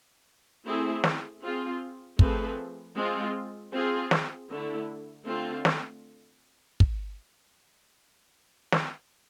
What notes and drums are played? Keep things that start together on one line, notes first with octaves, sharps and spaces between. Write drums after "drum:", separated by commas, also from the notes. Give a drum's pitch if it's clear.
A3 C4 E4 G#4
drum: snare
C4 F4 G#4
F3 A3 C4 G#4 B4, drum: kick
G#3 C4 F4
C4 F4 G#4
drum: snare
D3 A3 E4
D3 A3 C4 F4
drum: snare
drum: kick
drum: snare